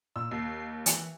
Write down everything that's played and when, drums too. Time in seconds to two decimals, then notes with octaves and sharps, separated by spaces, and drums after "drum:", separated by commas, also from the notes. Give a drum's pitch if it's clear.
0.16 A#2 E6
0.31 D#2 C7
0.86 E3, drum: hi-hat